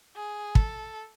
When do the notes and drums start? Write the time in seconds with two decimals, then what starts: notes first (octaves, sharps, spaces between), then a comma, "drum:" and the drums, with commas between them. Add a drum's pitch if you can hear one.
0.16 G#4
0.55 A4, drum: kick